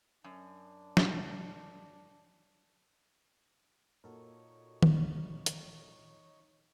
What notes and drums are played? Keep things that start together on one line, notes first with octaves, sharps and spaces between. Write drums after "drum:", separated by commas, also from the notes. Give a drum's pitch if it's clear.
F#2 D4
drum: snare
A#2 D#4 F#4 A4 A#4 C#5
drum: tom D#3
drum: hi-hat